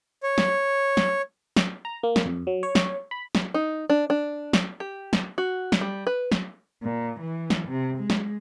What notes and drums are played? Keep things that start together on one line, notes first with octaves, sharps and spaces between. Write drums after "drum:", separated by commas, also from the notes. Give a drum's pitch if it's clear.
C#5
drum: snare
drum: snare
drum: snare
A#5
A#3
drum: snare
F2
F#3
C#5
drum: snare
B5
drum: snare
D#4
D4
D4
drum: snare
G4
drum: snare
F#4
drum: snare
G3
B4
drum: snare
A#2
E3
drum: snare
C3
G#3
drum: snare